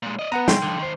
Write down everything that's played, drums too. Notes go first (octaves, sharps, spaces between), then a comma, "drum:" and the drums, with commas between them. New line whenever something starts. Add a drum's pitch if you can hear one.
A#2 G#3
D5 D#5
B3 B4 F#5 A#5
G5 C6, drum: snare
D3 F3
D#3 C5